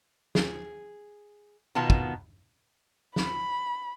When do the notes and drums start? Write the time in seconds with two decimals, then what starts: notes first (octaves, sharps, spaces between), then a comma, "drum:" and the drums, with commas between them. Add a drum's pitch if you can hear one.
0.35 G#4, drum: snare
1.75 B2 D#3 B3 F4 A5
1.90 drum: kick
3.16 B5, drum: snare